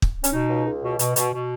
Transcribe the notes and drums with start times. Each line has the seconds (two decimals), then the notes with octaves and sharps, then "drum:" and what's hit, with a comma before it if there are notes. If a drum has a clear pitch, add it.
0.02 drum: kick
0.24 C#4, drum: hi-hat
0.32 B2 D#4
0.50 C#2
0.66 C#2
0.83 B2
0.99 B2, drum: hi-hat
1.16 B2, drum: hi-hat
1.33 B2